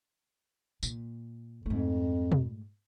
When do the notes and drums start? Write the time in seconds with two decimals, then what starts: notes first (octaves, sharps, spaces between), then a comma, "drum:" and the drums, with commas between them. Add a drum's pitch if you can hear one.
0.83 A#2, drum: tambourine
1.66 F2 G#2 A3
2.32 drum: tom